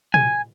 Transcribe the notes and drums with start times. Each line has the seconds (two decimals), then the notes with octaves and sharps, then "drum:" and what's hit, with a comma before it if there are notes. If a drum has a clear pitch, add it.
0.14 G#5, drum: tom